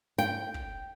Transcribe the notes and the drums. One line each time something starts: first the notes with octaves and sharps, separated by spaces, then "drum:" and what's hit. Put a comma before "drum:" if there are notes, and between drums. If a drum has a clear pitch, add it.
G5, drum: snare
drum: kick